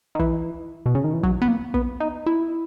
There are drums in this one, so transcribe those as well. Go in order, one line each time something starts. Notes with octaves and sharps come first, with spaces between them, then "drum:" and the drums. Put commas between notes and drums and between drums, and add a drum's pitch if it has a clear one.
D#3
E3, drum: kick
B2
C#3
D#3
E3
F#3, drum: kick
B3
A#3
B3, drum: kick
D#4
E4